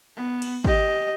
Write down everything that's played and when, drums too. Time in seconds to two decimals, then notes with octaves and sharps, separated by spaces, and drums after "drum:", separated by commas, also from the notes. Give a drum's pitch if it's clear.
0.16 B3
0.42 drum: cymbal
0.64 G4 D#5, drum: kick